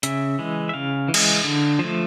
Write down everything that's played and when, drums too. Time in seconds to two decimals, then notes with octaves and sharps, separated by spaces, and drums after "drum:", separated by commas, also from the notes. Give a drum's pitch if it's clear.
0.03 C#3 E5, drum: hi-hat
0.39 E3 G#3
0.69 E5
0.74 C#3 F5
1.08 E3
1.14 G#3, drum: cymbal
1.44 D3
1.79 F3 A3